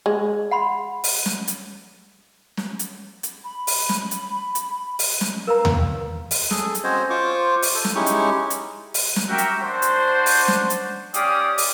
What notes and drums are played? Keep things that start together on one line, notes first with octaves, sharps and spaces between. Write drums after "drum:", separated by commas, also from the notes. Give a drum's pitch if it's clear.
G#3
F#5 B5 C6
drum: open hi-hat
drum: snare
drum: hi-hat
drum: snare
drum: hi-hat
drum: hi-hat
B5
drum: open hi-hat
drum: snare
drum: hi-hat
drum: hi-hat
drum: open hi-hat
drum: snare
A#4 B4 F5 A#5
drum: tom D#2
drum: open hi-hat
G#4 A4, drum: snare
drum: hi-hat
C4 C#4 F#4 C5 C#5 D#5
F4 C5 C#6 D6
drum: open hi-hat
A4
drum: snare
G#3 C#4 D#4 E4 G4 C#6
drum: hi-hat
drum: hi-hat
drum: open hi-hat
drum: snare
F#4 G4 A#4 E5 G5
drum: hi-hat
D4 F#4 C5
drum: hi-hat
drum: open hi-hat
drum: snare
drum: hi-hat
C#4 G4 D5 F5 D#6, drum: hi-hat
drum: open hi-hat